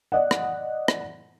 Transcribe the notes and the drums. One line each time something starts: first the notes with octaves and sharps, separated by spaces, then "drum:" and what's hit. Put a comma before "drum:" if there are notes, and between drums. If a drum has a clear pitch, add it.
D5 D#5 F#5
drum: rim click
drum: rim click